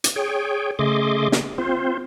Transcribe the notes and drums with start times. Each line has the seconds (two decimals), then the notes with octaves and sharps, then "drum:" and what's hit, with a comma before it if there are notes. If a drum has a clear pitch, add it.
0.04 drum: hi-hat
0.16 G#4 C#5 G5
0.79 C#3 A3 G#4 D#5 C6 D6
1.32 drum: snare
1.58 C4 F4 C5